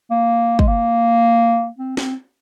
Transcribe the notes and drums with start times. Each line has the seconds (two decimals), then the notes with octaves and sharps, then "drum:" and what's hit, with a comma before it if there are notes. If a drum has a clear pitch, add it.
0.10 A#3
0.59 G#3, drum: kick
0.67 A#3
1.78 C4
1.97 C4, drum: snare